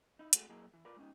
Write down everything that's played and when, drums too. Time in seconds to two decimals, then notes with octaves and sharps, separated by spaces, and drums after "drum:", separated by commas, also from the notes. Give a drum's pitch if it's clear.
0.19 D#4 E4
0.33 G#3 A3 F#4 G#4, drum: hi-hat
0.50 F#3 A#3 E4 G#4 A#4 D#5
0.74 E3
0.85 F4 A#4 B4 D5
0.97 G#3 C#4 D#4